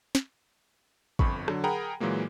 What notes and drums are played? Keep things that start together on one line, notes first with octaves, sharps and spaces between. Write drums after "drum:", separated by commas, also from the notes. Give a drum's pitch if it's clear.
drum: snare
G1 F2 B5 C#6, drum: kick
D3 F#3, drum: rim click
G#4 A#4 F#5 G5 A#5 B5
A#2 E3 F#3 G#3 A#3